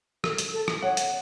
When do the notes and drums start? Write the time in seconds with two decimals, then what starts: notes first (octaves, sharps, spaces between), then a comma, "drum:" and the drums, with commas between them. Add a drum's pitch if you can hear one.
0.24 A4, drum: rim click
0.38 drum: hi-hat
0.53 A4
0.68 drum: rim click
0.82 C#5 F#5
0.97 drum: hi-hat